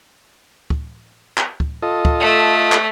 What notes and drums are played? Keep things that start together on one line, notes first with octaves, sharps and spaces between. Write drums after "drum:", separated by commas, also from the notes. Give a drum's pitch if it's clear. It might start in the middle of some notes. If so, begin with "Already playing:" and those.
drum: kick
drum: clap
drum: kick
F4 A4 D#5
drum: kick
A3
drum: clap